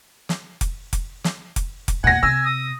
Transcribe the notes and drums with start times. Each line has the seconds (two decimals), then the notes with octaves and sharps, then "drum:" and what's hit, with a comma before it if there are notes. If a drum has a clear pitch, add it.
0.29 drum: snare
0.61 drum: kick F1, hi-hat
0.93 drum: kick F1, hi-hat
1.24 drum: snare
1.56 drum: kick F1, hi-hat
1.88 drum: kick F1, hi-hat
2.04 D#2 A#2 F#5 G#5 A#6
2.23 C3 G#5 E6
2.45 D#6